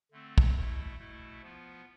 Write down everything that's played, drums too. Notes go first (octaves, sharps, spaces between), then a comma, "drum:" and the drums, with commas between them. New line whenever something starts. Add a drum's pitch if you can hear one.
D3 A3 C4
drum: kick
B2 A3 E4
B2 A3 E4
F3 B3 F4